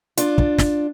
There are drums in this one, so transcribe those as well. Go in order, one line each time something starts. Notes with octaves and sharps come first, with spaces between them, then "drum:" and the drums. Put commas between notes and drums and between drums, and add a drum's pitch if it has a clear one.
D4 F4, drum: hi-hat
drum: kick
drum: snare